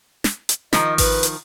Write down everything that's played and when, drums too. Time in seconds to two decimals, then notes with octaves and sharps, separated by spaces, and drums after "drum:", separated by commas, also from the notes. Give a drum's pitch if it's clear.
0.24 drum: snare
0.49 drum: hi-hat
0.73 D#3 F3 D#5, drum: snare
0.98 B4, drum: kick G#1, open hi-hat
1.23 drum: hi-hat